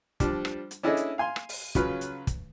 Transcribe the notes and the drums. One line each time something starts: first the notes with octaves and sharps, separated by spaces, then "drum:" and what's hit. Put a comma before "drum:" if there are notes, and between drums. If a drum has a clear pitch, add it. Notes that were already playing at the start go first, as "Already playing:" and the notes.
F3 G3 D4, drum: kick, hi-hat
drum: rim click
drum: hi-hat
C#4 D4 E4 G#4 A4 D#5
drum: hi-hat
F5 G#5 C6
drum: rim click
drum: open hi-hat
C#3 F#3 F4 B4, drum: kick, hi-hat
drum: hi-hat
drum: kick, hi-hat